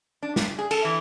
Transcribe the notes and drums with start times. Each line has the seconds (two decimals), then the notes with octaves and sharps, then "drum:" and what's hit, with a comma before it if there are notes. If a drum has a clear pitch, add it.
0.23 D4
0.36 G3, drum: snare
0.59 G#4
0.71 A4, drum: cymbal
0.85 E3